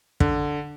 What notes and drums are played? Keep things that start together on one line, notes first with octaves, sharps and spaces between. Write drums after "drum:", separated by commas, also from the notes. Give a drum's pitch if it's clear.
D3, drum: kick